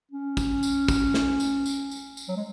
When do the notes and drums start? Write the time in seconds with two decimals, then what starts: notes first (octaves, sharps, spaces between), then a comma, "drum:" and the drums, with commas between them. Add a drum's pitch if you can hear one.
0.11 C#4
0.37 drum: kick, tambourine
0.63 drum: tambourine
0.88 drum: kick, tambourine
1.14 drum: snare
1.40 drum: tambourine
1.66 drum: tambourine
1.91 drum: tambourine
2.17 drum: tambourine
2.28 F#3
2.36 G#3